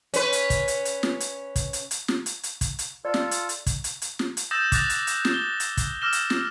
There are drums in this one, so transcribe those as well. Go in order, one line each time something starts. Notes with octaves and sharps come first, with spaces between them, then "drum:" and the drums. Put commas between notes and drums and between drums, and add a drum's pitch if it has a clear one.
C#4 B4, drum: hi-hat
drum: hi-hat
drum: kick, hi-hat
drum: hi-hat
drum: hi-hat
drum: snare
drum: hi-hat
drum: kick, hi-hat
drum: hi-hat
drum: hi-hat
drum: snare
drum: hi-hat
drum: hi-hat
drum: kick, hi-hat
drum: hi-hat
F4 A4 D5
drum: snare
drum: hi-hat
drum: hi-hat
drum: kick, hi-hat
drum: hi-hat
drum: hi-hat
drum: snare
drum: hi-hat
D#6 E6 G6 A6 A#6 E7
D6 D#6 F#6 A6 A#6 F7, drum: kick, hi-hat
drum: hi-hat
drum: hi-hat
drum: snare
G7
drum: hi-hat
drum: kick, hi-hat
D6 E6 F6 A#6 E7 G7
drum: hi-hat
drum: snare